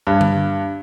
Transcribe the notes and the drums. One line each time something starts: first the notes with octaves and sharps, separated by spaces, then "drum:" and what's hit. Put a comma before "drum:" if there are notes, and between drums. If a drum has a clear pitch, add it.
G2
drum: tom D3